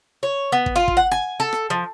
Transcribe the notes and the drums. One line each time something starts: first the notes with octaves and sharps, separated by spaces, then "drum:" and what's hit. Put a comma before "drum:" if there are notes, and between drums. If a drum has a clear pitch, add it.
C#5
B3
drum: kick
F4
drum: kick
F#5
G#5
A4
drum: rim click
F3